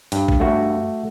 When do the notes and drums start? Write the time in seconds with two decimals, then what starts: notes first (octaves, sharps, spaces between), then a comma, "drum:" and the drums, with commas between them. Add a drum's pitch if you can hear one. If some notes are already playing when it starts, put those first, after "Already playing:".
0.12 G2, drum: hi-hat
0.28 drum: kick A1
0.40 A3 F#4